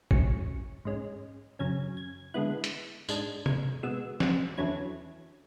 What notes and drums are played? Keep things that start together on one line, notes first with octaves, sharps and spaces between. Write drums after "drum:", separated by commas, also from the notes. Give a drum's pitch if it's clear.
A2 F#3 C#4 C#6, drum: kick
G#2 G#3 C#4
F#2 C#3 F#3 C#4 G#6
G#6
D3 G#3 B3 E4 F#6
drum: hi-hat
G#2 G#3 D4 G#6, drum: tambourine
G#6, drum: tom C3
B2 G#3 B3 E6
F#6, drum: snare
E2 D3 F#3 C#4 E4 G#6